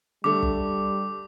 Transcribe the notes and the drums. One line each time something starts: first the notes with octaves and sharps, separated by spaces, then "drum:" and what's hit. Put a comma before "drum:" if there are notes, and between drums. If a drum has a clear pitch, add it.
D3 G3 A3 D6
drum: kick